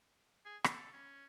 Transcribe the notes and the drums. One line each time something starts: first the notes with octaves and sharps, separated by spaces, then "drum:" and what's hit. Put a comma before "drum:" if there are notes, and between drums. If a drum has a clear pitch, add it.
G#4
A4, drum: rim click
C#4